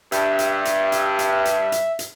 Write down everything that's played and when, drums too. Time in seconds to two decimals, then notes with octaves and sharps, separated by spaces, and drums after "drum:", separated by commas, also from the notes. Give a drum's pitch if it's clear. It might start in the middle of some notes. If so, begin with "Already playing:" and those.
0.12 G2 E5, drum: hi-hat
0.39 drum: hi-hat
0.65 drum: hi-hat
0.92 drum: hi-hat
1.19 drum: hi-hat
1.45 drum: hi-hat
1.72 drum: hi-hat
1.99 drum: hi-hat